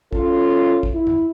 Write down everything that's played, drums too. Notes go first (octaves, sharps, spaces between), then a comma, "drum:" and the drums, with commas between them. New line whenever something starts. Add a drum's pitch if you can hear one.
C#4 F4 A4, drum: kick
drum: kick
E4
drum: tom